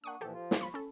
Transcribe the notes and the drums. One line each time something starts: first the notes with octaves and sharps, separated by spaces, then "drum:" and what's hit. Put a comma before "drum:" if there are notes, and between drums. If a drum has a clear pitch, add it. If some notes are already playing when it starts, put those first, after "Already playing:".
A#3 D4 F#5 C#6 D#6
A#2 E3 F3 G4 A4
F3 F4
drum: snare
B5 C#6
C#4 A4